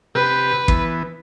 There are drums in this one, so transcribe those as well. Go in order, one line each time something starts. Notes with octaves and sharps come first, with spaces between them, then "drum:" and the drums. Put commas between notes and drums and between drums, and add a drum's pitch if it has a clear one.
C3 G4 B4
E3 B3, drum: kick